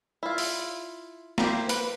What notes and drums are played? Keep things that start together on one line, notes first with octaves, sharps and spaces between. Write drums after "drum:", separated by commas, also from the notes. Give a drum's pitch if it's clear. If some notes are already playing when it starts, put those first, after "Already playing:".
E4 F4
drum: open hi-hat
A#3 E4 G4 C5, drum: snare
B4, drum: hi-hat